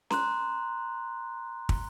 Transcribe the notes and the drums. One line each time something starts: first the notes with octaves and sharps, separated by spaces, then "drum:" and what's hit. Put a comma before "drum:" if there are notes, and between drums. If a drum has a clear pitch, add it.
A#5 C6 F#6, drum: snare C#4
drum: kick